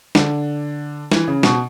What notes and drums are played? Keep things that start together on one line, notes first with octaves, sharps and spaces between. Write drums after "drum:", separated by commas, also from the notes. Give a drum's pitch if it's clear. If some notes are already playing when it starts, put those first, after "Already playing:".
D3, drum: snare
E3, drum: snare
C#3
B2, drum: snare